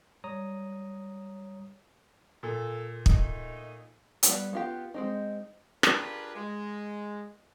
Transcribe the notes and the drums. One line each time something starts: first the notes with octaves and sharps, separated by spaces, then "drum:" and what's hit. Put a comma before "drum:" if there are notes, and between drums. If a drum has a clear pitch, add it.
G3 C#5 A#5 D#6
A#2 A4
A3 D#4, drum: kick
G3 B3, drum: hi-hat
B3 F4 G4
G#3 C4 D#4
D4 F4 G4 G#4 A#4 B4, drum: rim click
G#3